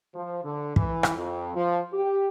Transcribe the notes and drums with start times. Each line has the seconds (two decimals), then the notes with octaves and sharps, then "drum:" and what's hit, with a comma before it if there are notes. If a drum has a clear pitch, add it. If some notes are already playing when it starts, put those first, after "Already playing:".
0.14 F3
0.43 D3
0.76 E3, drum: kick
1.03 drum: rim click
1.15 F2
1.54 F3
1.92 G4